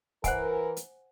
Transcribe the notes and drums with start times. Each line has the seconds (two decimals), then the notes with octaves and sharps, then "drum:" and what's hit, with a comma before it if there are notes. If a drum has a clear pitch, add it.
0.24 E3 A#4 C5 F#5 G#5, drum: kick, hi-hat
0.77 drum: hi-hat